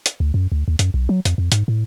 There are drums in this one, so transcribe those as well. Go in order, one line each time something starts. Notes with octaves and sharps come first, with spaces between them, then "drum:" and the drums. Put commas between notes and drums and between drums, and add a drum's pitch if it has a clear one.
drum: hi-hat
D2
F#2
D2
D#2
F#2, drum: hi-hat
B1
F#3
F2, drum: hi-hat
F2
G#2, drum: hi-hat
A2